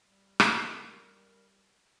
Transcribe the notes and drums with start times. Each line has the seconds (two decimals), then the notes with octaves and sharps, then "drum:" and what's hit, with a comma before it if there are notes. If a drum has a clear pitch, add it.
0.04 G3
0.40 drum: rim click
0.53 A#4